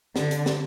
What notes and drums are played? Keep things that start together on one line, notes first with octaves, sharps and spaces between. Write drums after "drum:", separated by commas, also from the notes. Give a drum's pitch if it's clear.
D3, drum: snare
drum: hi-hat
drum: snare